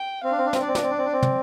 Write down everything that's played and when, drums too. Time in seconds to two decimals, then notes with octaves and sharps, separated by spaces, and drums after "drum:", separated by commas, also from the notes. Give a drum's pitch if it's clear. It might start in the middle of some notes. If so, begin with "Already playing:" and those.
Already playing: G5
0.24 C4 F5
0.31 D4
0.38 C4
0.46 D4
0.53 C4, drum: snare
0.61 D4 D5
0.68 C4
0.75 D4, drum: snare
0.83 C4
0.91 D4
0.98 C4
1.05 D4
1.13 C4
1.22 drum: tom